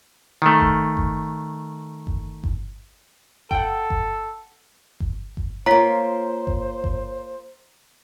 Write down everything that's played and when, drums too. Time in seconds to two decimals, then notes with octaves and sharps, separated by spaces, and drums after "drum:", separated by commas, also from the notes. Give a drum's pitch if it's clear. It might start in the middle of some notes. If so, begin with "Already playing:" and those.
0.42 D#3 A3
0.60 drum: kick G1
0.97 drum: kick G1
2.07 drum: kick G1
2.44 drum: kick G1
3.51 A4 F#5 G5, drum: kick G1
3.90 drum: kick G1
5.00 drum: kick G1
5.37 drum: kick G1
5.66 A#3 F4 C5 C#5 A#5 B6
6.47 drum: kick G1
6.84 drum: kick G1